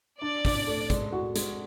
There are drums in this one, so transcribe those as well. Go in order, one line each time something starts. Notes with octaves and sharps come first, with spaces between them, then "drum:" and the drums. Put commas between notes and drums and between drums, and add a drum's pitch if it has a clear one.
D4 D5
D4, drum: kick, open hi-hat
A3
G#3, drum: kick, hi-hat
F#4
G#3, drum: hi-hat